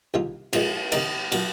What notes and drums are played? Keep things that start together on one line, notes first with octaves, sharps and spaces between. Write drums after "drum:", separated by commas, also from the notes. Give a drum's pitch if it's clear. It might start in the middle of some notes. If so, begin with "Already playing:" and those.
C2 C3 D#3 A#3 F4
A#2 F3 G#3, drum: cymbal
C3 D#3 A#3 D#4 A#4, drum: cymbal
A#2 F#3, drum: cymbal